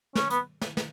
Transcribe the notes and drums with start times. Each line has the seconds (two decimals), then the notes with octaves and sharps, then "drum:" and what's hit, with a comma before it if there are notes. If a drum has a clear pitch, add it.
0.15 C#4, drum: snare
0.30 B3, drum: hi-hat
0.61 drum: snare
0.77 drum: snare